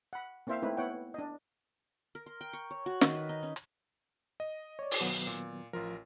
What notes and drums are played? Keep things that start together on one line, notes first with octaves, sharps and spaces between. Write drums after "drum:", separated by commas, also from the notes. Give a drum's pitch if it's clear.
F#5 B5
A#3 C4 E4 C5 E5 F5
A3 C4 D#4 E4 B4
B3 E4 C#5 F#5 G5
D4 D#5
A#4
C6
G5
C#6
C#5
F#4
D#3, drum: snare
B4
D#4
C#4
drum: hi-hat
D#5
C#5 D5
drum: open hi-hat
B1 D#3 F#3 B3
A#2
A1 F3 F4 A#4